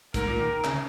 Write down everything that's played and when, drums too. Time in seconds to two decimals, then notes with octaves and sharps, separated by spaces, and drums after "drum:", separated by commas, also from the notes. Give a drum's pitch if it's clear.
0.14 G#2 A#4, drum: kick, hi-hat
0.27 A#2
0.39 D#3
0.64 C#3, drum: clap